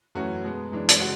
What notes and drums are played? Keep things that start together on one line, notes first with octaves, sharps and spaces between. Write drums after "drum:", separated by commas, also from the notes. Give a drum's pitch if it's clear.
F#2 E3 A3 C#4 F#4
B2 G#3 B3
F#2 E3 G#3 D4
drum: hi-hat
C#3 G#3 F#4